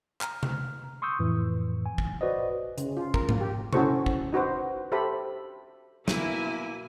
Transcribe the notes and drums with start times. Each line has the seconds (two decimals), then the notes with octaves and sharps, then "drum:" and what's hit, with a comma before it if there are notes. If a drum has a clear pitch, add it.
0.21 A#5 F6, drum: clap
0.43 drum: tom C3
1.02 C6 C#6 D#6 E6 G6
1.19 F2 A2 E3
1.86 G#5
1.98 drum: kick
2.21 F#4 B4 C5 D5 D#5
2.78 C#3, drum: hi-hat
2.97 F4
3.14 A#4, drum: kick
3.29 A#3, drum: tom G#2
3.41 G4
3.73 C#4 E4 F#4 A4 C5 C#6, drum: tom C3
4.06 drum: kick
4.33 D#4 F#4 B4 C5
4.92 G4 A4 C5 E5 B5
6.08 B2 A#3 E4 G#5, drum: snare